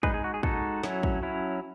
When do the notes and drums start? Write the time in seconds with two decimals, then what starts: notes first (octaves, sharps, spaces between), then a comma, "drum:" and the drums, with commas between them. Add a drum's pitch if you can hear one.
0.03 G#3 D#4 G#4 B4, drum: kick
0.14 G#4
0.24 F#4
0.34 G#4
0.43 G#3 D#4 F#4 A4, drum: kick
0.83 F#3 C#4 E4, drum: snare
1.03 drum: kick
1.23 F#3 C#4 E4